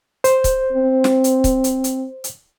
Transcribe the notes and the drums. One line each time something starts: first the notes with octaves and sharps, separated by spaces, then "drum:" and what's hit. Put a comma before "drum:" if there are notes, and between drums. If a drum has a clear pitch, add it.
C5, drum: hi-hat
drum: kick C#1, hi-hat
C4
drum: snare
drum: hi-hat
drum: kick C#1, hi-hat
drum: hi-hat
drum: hi-hat
drum: hi-hat